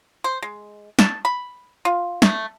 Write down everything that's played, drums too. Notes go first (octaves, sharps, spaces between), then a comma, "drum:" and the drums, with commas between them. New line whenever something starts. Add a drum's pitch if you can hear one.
C5
G#3
A5, drum: snare
B5
F4
A3, drum: snare